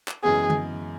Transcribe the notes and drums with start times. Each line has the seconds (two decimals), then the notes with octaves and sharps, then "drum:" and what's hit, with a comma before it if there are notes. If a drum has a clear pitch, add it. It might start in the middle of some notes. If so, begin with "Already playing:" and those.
0.08 drum: clap
0.23 F#2 C#3 E3 G#3 B3 G#4
0.50 drum: tom D3